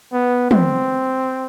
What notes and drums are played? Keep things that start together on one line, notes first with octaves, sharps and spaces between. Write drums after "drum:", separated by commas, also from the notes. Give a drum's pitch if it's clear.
B3
C4, drum: tom